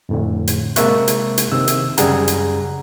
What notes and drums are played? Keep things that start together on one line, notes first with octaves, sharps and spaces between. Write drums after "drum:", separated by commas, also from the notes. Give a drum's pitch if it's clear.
F2 A2 D3
drum: hi-hat
C3 G#3 A#3 E5 C#6 F#6, drum: hi-hat
drum: hi-hat
drum: hi-hat
C3 D#3 E6
drum: hi-hat
F#2 C#3 G3 G#4 F#5 A#5, drum: hi-hat
drum: hi-hat